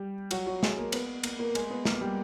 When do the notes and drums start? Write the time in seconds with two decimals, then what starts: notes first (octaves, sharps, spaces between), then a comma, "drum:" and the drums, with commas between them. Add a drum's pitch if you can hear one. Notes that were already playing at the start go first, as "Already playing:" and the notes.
Already playing: G3 G4
0.31 F#3 F#4, drum: cymbal
0.46 F#3 F#4
0.63 G#3 G#4, drum: snare
0.78 A#3 A#4
0.92 B3 B4, drum: cymbal
1.23 A#3 A#4, drum: cymbal
1.39 A#3 A#4
1.55 G#3 G#4, drum: cymbal
1.70 B3 B4
1.85 A#3 A#4, drum: snare
2.01 G3 G4